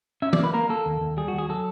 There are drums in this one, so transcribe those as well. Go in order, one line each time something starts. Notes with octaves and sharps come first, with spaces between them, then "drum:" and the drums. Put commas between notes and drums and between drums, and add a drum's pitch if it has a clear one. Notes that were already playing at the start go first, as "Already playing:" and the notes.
C#4 E5
D5, drum: tom
A#3 B4
A#3 A#4
A#3 A4
D#2
D#2
G3 G#4
F#4
D#2
G#4
F#3 A4